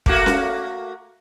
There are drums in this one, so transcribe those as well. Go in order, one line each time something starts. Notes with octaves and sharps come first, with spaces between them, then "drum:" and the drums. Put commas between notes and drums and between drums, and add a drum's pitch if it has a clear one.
A3 A#3 F#4, drum: kick
drum: snare C#4